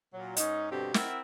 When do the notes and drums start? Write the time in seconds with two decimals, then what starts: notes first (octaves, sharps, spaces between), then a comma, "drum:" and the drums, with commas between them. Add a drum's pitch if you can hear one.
0.14 A#2 F#3
0.37 G#2 C#4 D#4, drum: hi-hat
0.71 G2 B2 D3 C4 G4
0.94 C4 E4 F#4 A#4 E5, drum: snare